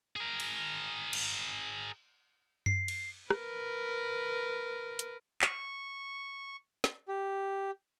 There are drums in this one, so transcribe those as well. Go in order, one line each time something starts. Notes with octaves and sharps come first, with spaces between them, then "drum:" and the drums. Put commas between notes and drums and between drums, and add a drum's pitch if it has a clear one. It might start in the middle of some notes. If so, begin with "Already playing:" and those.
G#4 A#4
drum: cymbal
drum: cymbal
C7, drum: tom F#2
drum: cymbal
A#4 B4, drum: rim click
drum: hi-hat
C#6, drum: clap
drum: snare
G4